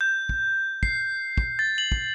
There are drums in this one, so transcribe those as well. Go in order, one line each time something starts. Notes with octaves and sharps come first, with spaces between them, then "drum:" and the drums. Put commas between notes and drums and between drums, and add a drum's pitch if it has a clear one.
G6
drum: kick
C7, drum: kick
drum: kick
A6
F#7
drum: kick